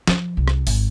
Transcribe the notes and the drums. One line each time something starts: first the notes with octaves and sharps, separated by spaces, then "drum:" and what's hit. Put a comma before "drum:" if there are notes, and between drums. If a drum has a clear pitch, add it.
F3, drum: snare
C2
drum: rim click
G#1, drum: open hi-hat